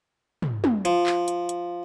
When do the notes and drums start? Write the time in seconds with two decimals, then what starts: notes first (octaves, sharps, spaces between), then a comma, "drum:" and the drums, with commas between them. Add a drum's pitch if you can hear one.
0.42 drum: tom
0.64 drum: tom
0.85 F3, drum: hi-hat
1.06 drum: clap
1.28 drum: hi-hat
1.49 drum: hi-hat